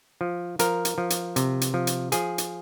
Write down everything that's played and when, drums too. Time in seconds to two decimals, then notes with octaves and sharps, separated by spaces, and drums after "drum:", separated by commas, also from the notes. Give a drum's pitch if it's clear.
0.21 F3
0.59 F3 A#4, drum: hi-hat
0.85 drum: hi-hat
0.98 F3
1.10 drum: hi-hat
1.36 C3, drum: hi-hat
1.61 drum: hi-hat
1.74 F3
1.87 drum: hi-hat
2.12 F3 G#4, drum: hi-hat
2.38 drum: hi-hat